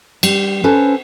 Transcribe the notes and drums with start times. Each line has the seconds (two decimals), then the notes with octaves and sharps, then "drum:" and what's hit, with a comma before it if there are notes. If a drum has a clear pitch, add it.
0.23 G3, drum: cymbal
0.64 C#4 A4 B4 C5